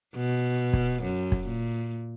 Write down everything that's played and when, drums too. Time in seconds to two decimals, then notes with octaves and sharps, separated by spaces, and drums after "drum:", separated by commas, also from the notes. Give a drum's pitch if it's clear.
0.15 B2
0.73 drum: kick
1.03 F#2
1.32 drum: kick
1.47 A#2